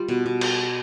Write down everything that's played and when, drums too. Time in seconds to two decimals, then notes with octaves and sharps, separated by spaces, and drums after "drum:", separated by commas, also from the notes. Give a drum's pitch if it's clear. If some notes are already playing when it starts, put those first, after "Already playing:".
Already playing: G3 F4
0.08 B2
0.26 B2
0.41 drum: cymbal